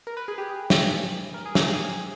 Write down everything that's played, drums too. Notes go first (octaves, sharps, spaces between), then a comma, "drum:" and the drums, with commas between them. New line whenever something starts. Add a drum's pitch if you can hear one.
A#4
B4
G#4
G4
G#4
drum: snare
A#4
G#4
G4, drum: snare
G#4